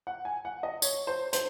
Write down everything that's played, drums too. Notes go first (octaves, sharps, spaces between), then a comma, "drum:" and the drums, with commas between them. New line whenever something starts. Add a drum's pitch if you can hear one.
F#5
G#5
F#5
D#5
C#5, drum: tambourine
C5
C5, drum: hi-hat